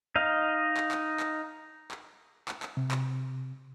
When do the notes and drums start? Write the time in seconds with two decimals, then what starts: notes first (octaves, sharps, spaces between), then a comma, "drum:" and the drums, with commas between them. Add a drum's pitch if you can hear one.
0.16 D#4 D#5 F5
0.77 drum: clap
0.91 drum: clap
1.20 drum: clap
1.91 drum: clap
2.48 drum: clap
2.63 drum: clap
2.77 C3
2.91 drum: clap